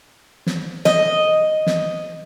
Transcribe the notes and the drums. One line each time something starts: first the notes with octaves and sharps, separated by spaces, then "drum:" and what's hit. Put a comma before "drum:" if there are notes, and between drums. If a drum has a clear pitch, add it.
drum: snare
D#5, drum: snare
drum: snare